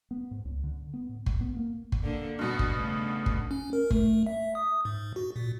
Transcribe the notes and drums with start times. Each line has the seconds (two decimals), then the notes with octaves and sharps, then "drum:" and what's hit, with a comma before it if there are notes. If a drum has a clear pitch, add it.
0.11 B3
0.31 G#2
0.45 C#2
0.64 D3
0.94 B3
1.09 A2
1.26 C2, drum: kick G1
1.41 B3
1.57 A#3
1.92 drum: kick G1
2.02 D3 A#3 D4
2.39 G2 B2 F#4
2.59 drum: kick G1
2.76 C#3 A3
3.26 drum: kick G1
3.51 C#4
3.73 A#4
3.91 A3, drum: kick G1
4.26 E5
4.55 D#6
4.85 G#2
5.16 F#4
5.36 A#2